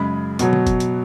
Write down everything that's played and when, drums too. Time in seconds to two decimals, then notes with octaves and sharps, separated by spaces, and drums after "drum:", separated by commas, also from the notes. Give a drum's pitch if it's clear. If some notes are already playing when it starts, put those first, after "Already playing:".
Already playing: F#2 C#3 G#3 B5
0.39 B2 F#3, drum: hi-hat
0.53 drum: tom D3
0.67 drum: kick, hi-hat
0.80 drum: hi-hat